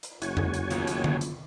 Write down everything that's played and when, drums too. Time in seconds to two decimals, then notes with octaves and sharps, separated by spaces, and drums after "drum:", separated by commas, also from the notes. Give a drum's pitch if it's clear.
0.03 drum: hi-hat
0.22 F#1 E4 F#4 C#5 G#5, drum: hi-hat
0.37 drum: tom F2
0.54 drum: hi-hat
0.71 D#2 B3 F4, drum: hi-hat
0.87 drum: hi-hat
1.04 drum: tom D3
1.21 drum: hi-hat